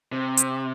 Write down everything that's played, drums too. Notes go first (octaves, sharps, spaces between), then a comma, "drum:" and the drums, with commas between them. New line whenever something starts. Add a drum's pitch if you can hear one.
C3
drum: hi-hat